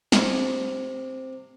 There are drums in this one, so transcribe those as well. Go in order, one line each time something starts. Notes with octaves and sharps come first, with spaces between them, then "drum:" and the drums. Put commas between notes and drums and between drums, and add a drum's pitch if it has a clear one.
C3, drum: snare